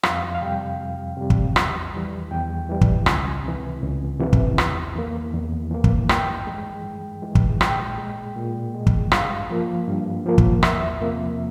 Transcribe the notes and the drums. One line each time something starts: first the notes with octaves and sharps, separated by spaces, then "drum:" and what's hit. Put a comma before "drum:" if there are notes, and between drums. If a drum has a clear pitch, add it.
F2 F5, drum: rim click
F5
C3 G3 G5
F2
C3 G3
drum: kick
E2, drum: rim click
E3 G3
E2 G5
E3 G3
drum: kick
C#2 G#5, drum: rim click
C3 E3
C#2
C3 E3
drum: kick
E2, drum: rim click
E3 A#3
E2
E3 A#3
drum: kick
G2 G5, drum: rim click
E3 G#3
G2
E3 G#3
drum: kick
A#2 G5, drum: rim click
G#3
A#2
G#3
drum: kick
G2 F5, drum: rim click
F3 A#3
G2
F3 A#3
drum: kick
E2 E5, drum: rim click
C3 F3 A#3